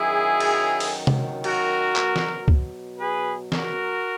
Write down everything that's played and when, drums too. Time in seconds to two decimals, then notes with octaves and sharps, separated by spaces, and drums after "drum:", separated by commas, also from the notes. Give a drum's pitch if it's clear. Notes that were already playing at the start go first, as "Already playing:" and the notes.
Already playing: F#2 D#3 F#3 E4 G#4
0.40 drum: cymbal
0.80 drum: open hi-hat
1.07 drum: tom C3
1.44 F#4 A#4, drum: cymbal
1.96 B2 F#3, drum: clap
2.16 drum: snare
2.48 drum: kick C#2
3.00 G#4 B4
3.52 F#4 A#4, drum: snare